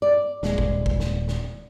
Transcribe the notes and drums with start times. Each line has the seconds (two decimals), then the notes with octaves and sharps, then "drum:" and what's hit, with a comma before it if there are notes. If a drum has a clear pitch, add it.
0.02 D5
0.43 D#1 G#3, drum: snare
0.58 drum: kick
0.86 drum: kick
1.00 drum: snare
1.28 drum: snare